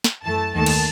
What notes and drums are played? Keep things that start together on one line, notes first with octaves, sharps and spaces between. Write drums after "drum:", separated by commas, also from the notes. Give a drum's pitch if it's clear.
drum: snare
F#2 E3 A3 A5
D#2 D#3 A3 A5
drum: cymbal